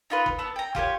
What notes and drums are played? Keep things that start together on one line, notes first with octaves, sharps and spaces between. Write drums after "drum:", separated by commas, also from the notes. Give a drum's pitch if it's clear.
D#4 F4 B4
drum: kick
B3 A5 E6
G5 A#5
F4 G4 A4 C#5, drum: kick